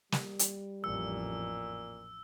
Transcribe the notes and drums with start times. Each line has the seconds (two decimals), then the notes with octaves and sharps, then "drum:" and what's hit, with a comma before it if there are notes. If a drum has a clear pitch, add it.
0.12 G3, drum: snare
0.39 drum: hi-hat
0.84 A1 F2 A#2 E6